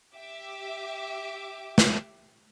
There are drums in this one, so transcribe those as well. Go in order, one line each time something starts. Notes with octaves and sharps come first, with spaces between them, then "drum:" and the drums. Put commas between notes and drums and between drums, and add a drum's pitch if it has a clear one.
G4 E5 D6
drum: snare